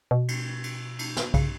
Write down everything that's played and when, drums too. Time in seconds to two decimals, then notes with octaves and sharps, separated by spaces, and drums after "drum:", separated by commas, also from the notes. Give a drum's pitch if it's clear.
0.11 B2
0.28 drum: cymbal
0.64 drum: cymbal
0.99 drum: cymbal
1.16 drum: snare
1.34 C#3, drum: kick B1, cymbal